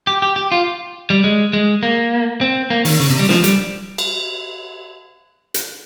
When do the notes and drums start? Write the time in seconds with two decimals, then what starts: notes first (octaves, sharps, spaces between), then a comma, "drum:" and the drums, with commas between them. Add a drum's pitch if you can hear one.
0.07 G4
0.22 G4
0.36 G4
0.52 F4
1.10 G3
1.24 G#3
1.53 G#3
1.83 A#3
2.41 C4
2.70 A#3
2.85 D#3, drum: open hi-hat
3.00 C#3
3.10 C3
3.19 G3
3.29 F3, drum: snare
3.44 G3, drum: hi-hat
3.98 drum: cymbal
5.54 drum: hi-hat